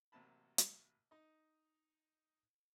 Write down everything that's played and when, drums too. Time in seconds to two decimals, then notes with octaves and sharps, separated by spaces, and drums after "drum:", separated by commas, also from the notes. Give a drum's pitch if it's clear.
0.12 A1 C3 F#3 A#3 A5 B5
0.58 drum: hi-hat
1.11 D#4 D#5